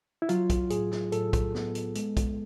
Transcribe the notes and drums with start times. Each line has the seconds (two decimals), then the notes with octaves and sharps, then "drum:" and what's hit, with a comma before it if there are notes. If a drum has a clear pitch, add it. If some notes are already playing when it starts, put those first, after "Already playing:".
0.22 E4
0.29 F#3 F4, drum: hi-hat
0.50 drum: kick, hi-hat
0.70 A2 G#4, drum: hi-hat
0.91 drum: snare
1.12 A2 A4, drum: hi-hat
1.33 drum: kick, hi-hat
1.55 B3, drum: snare
1.75 drum: hi-hat
1.95 G#3, drum: hi-hat
2.17 drum: kick, hi-hat